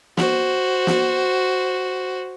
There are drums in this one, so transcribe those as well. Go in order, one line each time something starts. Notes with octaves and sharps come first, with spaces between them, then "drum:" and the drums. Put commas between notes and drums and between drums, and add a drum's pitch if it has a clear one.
F#4 C5, drum: snare
drum: snare